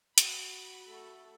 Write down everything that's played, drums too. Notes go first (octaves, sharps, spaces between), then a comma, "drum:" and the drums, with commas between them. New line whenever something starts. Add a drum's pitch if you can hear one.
F#4 B5, drum: hi-hat
A3 A4